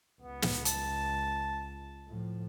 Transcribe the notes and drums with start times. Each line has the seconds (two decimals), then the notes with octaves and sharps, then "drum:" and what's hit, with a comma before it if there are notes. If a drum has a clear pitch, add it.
0.22 C#2 B3
0.42 drum: snare
0.65 A5, drum: hi-hat
2.09 A2 F3